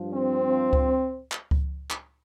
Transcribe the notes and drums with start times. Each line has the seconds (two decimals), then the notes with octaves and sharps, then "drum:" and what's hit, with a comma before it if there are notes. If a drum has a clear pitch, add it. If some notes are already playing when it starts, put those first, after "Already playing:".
Already playing: G2 F3
0.14 C4
0.73 drum: kick C#2
1.32 drum: clap
1.51 drum: kick C#2
1.90 drum: clap